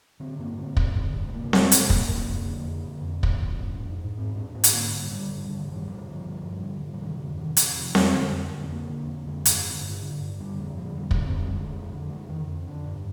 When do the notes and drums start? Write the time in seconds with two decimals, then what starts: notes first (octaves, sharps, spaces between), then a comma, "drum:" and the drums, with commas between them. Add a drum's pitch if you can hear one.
0.20 D3 C4
0.39 G2 A#3
0.58 D3 C4
0.77 G2, drum: kick
0.96 D3
1.15 G2
1.27 G#3
1.33 C3 A#3
1.53 F2, drum: snare C4
1.72 C3, drum: hi-hat
1.90 F2 A#3, drum: kick
2.09 C3
2.28 F2
2.47 D3
2.66 F2
2.85 D3
3.03 F2
3.23 D3, drum: kick
3.42 F2
3.60 G#2
3.79 G#2
3.98 G#2
4.17 G#2 C4
4.36 G#2 D4
4.55 G#2 C4
4.64 drum: hi-hat
4.74 D3 A#3
4.92 G2
5.11 D3 G3
5.30 G2
5.44 D#3
5.49 D3
5.59 D3
5.68 G2 D#3
5.87 D3 F3
6.06 G2
6.25 D3
6.43 G2
6.62 D3
6.81 G2
6.94 F3
7.00 C3 D#3
7.18 F2 D3
7.38 C3 D#3
7.57 F2 F3, drum: hi-hat
7.75 C3
7.95 F2, drum: snare C4
8.14 D3
8.32 F2
8.51 D3
8.64 C4
8.70 F2 A#3
8.89 D3
9.08 F2
9.27 D3 G#3
9.45 G2, drum: hi-hat
9.65 D3
9.83 G2
10.02 D3
10.21 G2
10.40 D3 G3
10.59 F2 F3
10.78 D3 F3
10.96 F2 G3
11.11 D3 G#3, drum: kick
11.25 C4
11.34 F2
11.39 G3
11.53 D3 G#3
11.72 F2
11.91 D3
12.09 F2 G#3
12.28 D3 D#3
12.48 F2 F3
12.66 D3 D4
12.85 G2